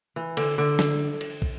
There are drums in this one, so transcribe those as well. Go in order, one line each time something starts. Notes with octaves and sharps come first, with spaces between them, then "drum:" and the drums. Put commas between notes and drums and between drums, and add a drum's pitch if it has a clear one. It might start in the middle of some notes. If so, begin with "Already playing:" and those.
E3
D3, drum: cymbal
D3
drum: snare
drum: cymbal
drum: kick